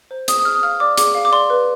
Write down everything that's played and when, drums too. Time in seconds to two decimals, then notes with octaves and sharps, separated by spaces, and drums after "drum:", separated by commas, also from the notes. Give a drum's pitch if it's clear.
0.11 C5
0.28 G#4 D#6, drum: hi-hat
0.39 D#6
0.45 G#4 F6
0.55 D#6
0.63 F5 F6
0.80 D5 D6
0.97 G#4 D6, drum: hi-hat
1.15 F5
1.25 D6
1.32 D5 C6
1.50 B4